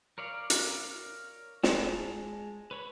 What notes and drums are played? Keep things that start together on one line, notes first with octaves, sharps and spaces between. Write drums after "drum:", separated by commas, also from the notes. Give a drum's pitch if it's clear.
A#4 C#5 D5 F5
drum: hi-hat
G#3 A5 A#5, drum: snare
B4 C#5 B5